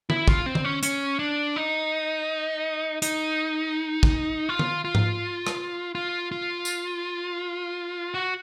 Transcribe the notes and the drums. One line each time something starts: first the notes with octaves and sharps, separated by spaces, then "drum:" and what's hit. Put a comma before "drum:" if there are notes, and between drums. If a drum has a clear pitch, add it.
E4, drum: tom
F4, drum: kick
C4
drum: tom D#3
C#4
C#4, drum: hi-hat
D4
D#4
D#4, drum: hi-hat
drum: kick
F4
drum: tom
F4
drum: tom G#2
drum: rim click
F4
F4
drum: tambourine
F#4